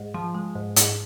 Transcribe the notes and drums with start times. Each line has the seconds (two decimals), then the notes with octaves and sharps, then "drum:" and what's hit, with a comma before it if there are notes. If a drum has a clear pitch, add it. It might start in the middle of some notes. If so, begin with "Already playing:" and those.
Already playing: G#2
0.14 F3
0.34 G#3
0.55 G#2
0.76 G#2, drum: hi-hat